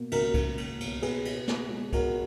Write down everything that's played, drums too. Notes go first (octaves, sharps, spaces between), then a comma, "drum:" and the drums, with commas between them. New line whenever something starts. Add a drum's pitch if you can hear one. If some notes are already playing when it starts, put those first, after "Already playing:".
Already playing: B2 A#3
C#2 F#4 A#4, drum: cymbal
C#2, drum: kick C2, cymbal
A#3, drum: cymbal
B2, drum: cymbal
B2 G#4 B4, drum: cymbal
B2, drum: cymbal
B3, drum: snare
G#3
B2 F#4 A#4, drum: kick C2, cymbal